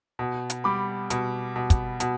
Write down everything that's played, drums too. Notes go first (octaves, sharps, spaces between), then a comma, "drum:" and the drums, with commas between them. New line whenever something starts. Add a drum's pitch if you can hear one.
B2
drum: hi-hat
G3 B5 D6
B2, drum: hi-hat
B2
drum: kick, hi-hat
B2, drum: hi-hat